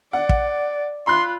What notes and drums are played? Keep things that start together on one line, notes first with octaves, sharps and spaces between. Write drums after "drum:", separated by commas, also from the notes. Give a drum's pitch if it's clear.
D5 F#5
drum: kick
F4 B5 C6 F#6